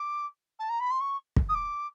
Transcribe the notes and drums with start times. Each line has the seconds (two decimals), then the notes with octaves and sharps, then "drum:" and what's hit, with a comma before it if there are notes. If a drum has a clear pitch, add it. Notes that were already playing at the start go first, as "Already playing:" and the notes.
Already playing: D6
0.59 A5
0.69 A#5
0.80 B5
0.90 C6
1.00 C#6
1.36 drum: kick
1.48 D#6
1.54 D6